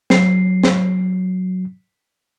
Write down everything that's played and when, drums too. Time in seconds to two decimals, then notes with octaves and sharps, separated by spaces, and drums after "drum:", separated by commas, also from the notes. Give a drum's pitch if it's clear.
0.10 F#3 C7, drum: snare
0.63 drum: snare